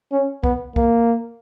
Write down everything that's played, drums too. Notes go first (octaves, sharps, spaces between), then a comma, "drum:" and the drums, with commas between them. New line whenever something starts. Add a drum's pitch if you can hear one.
C#4
B3, drum: kick
A#3, drum: kick